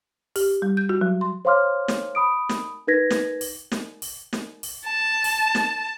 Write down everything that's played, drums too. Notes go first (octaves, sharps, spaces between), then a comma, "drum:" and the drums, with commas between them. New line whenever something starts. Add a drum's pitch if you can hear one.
G4, drum: open hi-hat
G3
G6
F#4
F#3
C6
C5 C#5 F5 C6 D6 F6
drum: snare
B5 D#6 D7
drum: snare
D#4 A#4 B4 G#6 A#6 B6
drum: snare
drum: open hi-hat
drum: snare
drum: open hi-hat
drum: snare
drum: open hi-hat
A5
drum: open hi-hat
drum: snare